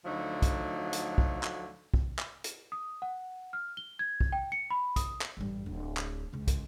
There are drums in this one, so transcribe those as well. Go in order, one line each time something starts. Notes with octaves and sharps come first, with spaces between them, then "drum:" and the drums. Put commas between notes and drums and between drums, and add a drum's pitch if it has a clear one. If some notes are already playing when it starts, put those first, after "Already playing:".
D2 D3 F3 F#3 A3 D#4
drum: kick, hi-hat
drum: hi-hat
drum: kick
drum: clap
drum: kick
drum: clap
drum: hi-hat
D#6
F#5
F6
G7
G#6
drum: kick
G5
C#7
B5
D#6, drum: kick, hi-hat
drum: clap
A1 G2
D1
drum: clap
C#2 C#3
drum: kick, hi-hat